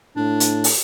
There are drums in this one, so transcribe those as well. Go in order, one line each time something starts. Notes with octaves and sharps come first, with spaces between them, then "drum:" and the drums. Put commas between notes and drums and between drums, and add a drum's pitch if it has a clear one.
A2 D4
drum: hi-hat
drum: open hi-hat